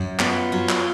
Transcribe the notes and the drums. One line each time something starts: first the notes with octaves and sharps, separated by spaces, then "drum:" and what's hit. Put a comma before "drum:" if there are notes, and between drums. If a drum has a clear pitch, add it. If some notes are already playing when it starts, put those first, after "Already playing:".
Already playing: F#2
B3 F4, drum: clap
F#3
drum: clap